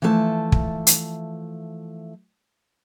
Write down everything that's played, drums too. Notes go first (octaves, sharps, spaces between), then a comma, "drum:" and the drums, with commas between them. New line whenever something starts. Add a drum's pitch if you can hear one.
E3 F3 A3 E5 A5
drum: kick
drum: hi-hat